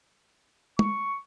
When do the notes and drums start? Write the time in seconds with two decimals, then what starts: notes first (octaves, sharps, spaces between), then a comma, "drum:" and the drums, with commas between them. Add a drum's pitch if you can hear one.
0.79 C#6, drum: tom